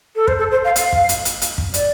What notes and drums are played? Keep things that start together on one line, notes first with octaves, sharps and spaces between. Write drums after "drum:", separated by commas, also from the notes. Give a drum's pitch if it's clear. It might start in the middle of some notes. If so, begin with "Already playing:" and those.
A4
C5, drum: kick
A4
C5
F5
F5, drum: hi-hat
drum: kick
drum: hi-hat
drum: hi-hat
drum: hi-hat
drum: kick
D5, drum: hi-hat